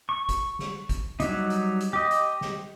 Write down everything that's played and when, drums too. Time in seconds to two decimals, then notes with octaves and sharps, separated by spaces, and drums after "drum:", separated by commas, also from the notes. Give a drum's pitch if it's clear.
0.09 C#6
0.29 drum: kick, hi-hat
0.59 drum: snare
0.89 drum: kick, hi-hat
1.20 F#3 G3 D#4, drum: hi-hat
1.50 drum: hi-hat
1.80 drum: hi-hat
1.93 G4 D#5
2.11 drum: hi-hat
2.41 drum: snare